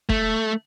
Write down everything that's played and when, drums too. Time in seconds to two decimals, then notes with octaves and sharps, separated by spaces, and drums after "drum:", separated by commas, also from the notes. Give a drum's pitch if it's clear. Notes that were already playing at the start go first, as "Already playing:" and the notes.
0.09 A3, drum: kick